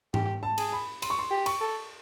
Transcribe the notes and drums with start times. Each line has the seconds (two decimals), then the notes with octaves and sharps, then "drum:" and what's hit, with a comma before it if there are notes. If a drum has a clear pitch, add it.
0.14 G4, drum: tom G#2
0.43 A5
0.58 G#4, drum: cymbal
0.72 B5
1.02 C6, drum: cymbal
1.10 C#6
1.19 C6
1.31 G4
1.46 C#6, drum: cymbal
1.61 A4